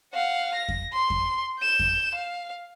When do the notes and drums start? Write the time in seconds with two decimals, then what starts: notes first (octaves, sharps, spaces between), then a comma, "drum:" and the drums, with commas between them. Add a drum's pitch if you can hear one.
0.14 F5 F#5
0.55 A#6
0.69 drum: kick F2
0.93 C6
1.10 drum: kick F2
1.60 G6 E7
1.79 drum: kick F2
2.14 F5